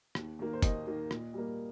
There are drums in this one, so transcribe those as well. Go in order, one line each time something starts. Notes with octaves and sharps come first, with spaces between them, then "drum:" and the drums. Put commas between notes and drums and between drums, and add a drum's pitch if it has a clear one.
D#2, drum: rim click
D#3 A#3
C5
D#2 D#5, drum: kick, hi-hat
D#3 A#3
A#2, drum: rim click
G3 A#3